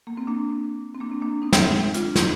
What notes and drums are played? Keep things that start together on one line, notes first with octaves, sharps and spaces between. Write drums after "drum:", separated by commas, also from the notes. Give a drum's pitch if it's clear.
A#3
C4
A#3 D4
C4
A#3 D4
C4
A#3 D4
C4 D#4
C4 D#4, drum: snare
D4 F4, drum: hi-hat
F4, drum: snare